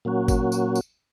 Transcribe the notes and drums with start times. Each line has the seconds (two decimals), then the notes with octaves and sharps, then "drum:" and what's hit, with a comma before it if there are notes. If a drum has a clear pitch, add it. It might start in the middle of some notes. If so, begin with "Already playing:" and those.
0.05 A#2 F#3 A#3 C#4 F#4
0.28 drum: kick G#1, tambourine
0.52 drum: tambourine
0.76 drum: tambourine